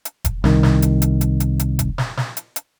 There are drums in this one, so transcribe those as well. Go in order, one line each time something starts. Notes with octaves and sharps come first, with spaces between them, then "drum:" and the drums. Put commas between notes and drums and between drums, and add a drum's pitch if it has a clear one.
drum: hi-hat
drum: kick E1, hi-hat
C2 D#3, drum: snare
drum: snare
drum: hi-hat
drum: hi-hat
drum: hi-hat
drum: hi-hat
drum: hi-hat
drum: kick E1, hi-hat
drum: snare
drum: snare
drum: hi-hat
drum: hi-hat